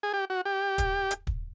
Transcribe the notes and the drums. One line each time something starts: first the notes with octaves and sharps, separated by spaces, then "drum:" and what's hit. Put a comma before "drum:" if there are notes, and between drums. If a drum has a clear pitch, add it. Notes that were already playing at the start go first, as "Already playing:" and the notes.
G#4
G4
F#4
G4
drum: kick, hi-hat
drum: hi-hat
drum: kick